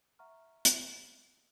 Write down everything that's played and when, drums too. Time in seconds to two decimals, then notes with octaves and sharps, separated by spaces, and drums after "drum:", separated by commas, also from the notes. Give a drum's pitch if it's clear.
0.19 E5 F#5 A#5 C#6 F6
0.65 drum: hi-hat